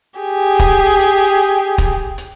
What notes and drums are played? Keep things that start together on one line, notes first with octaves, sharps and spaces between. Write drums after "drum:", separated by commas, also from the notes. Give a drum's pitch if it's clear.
G4 G#4
drum: kick, hi-hat
drum: hi-hat
drum: kick, hi-hat
drum: hi-hat